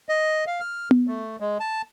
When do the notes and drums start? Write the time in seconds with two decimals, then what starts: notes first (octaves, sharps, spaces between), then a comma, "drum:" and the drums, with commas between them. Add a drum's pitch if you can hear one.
0.09 D#5
0.47 F5
0.60 F6
0.91 drum: tom B3
1.07 A3
1.40 G#3
1.60 A5